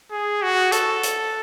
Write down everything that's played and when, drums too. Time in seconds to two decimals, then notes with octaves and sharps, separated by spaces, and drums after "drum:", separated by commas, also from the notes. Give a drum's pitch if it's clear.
0.11 G#4
0.42 F#4
0.72 A4, drum: hi-hat
1.03 drum: hi-hat